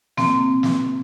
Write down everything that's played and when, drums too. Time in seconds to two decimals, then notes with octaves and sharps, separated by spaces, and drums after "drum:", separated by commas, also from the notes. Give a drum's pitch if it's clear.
0.17 A#3 C4, drum: snare
0.63 drum: snare